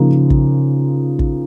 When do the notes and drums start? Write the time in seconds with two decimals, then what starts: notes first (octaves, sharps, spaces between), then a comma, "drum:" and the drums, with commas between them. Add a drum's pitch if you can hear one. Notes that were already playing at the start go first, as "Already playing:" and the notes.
Already playing: C#3 F3 A#3 D#4
0.30 drum: kick
1.19 drum: kick